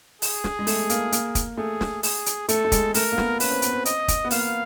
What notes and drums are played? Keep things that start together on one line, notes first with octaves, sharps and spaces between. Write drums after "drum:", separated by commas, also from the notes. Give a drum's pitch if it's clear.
G#4, drum: open hi-hat
drum: snare
G#3
A3, drum: open hi-hat
A#3, drum: hi-hat
A#3, drum: hi-hat
drum: kick, hi-hat
A3 G#4
drum: snare
G#4, drum: open hi-hat
drum: hi-hat
A3 A4, drum: hi-hat
A3
G#3, drum: kick, hi-hat
A3 A#4, drum: open hi-hat
A#3
B3, drum: snare
C#4 B4, drum: open hi-hat
C4
B3, drum: hi-hat
C4
D#5, drum: hi-hat
drum: kick, hi-hat
B3
A#3 F5, drum: open hi-hat